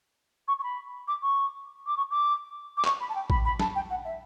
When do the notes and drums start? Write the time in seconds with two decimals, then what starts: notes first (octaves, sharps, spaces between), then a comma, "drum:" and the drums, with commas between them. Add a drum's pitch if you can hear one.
0.47 C#6
0.58 C#6
0.63 B5
1.07 D6
1.22 C#6
1.86 D6
1.97 C#6
2.10 D6
2.77 D6
2.85 C#6, drum: clap
3.00 B5
3.09 A5
3.15 G5
3.30 B5, drum: kick A1
3.45 B5
3.59 A5, drum: snare
3.75 G5
3.90 F#5
4.04 E5